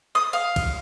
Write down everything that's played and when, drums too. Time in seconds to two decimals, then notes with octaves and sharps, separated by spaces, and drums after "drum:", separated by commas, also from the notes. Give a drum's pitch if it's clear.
0.15 D#6
0.33 F5
0.56 drum: kick, cymbal